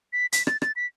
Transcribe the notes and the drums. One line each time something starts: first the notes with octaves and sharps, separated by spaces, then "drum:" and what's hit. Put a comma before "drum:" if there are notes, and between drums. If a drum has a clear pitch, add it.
B6
B6, drum: hi-hat
A6, drum: rim click
A6, drum: rim click
B6